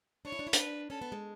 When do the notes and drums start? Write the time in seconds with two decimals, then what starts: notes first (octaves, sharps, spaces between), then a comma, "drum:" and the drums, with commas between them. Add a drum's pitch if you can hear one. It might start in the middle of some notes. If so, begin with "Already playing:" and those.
0.25 D4 C#5
0.32 E4
0.39 D4
0.47 E4
0.53 D4 B4, drum: hi-hat
0.90 C#4 A4
1.02 B3
1.12 G#3